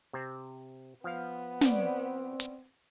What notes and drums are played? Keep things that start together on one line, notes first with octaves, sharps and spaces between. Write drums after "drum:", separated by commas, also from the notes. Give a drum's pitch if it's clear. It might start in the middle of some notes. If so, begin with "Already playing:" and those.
C3 C4
F3 B3 F5
C4 C#4 C5 D5, drum: snare
drum: hi-hat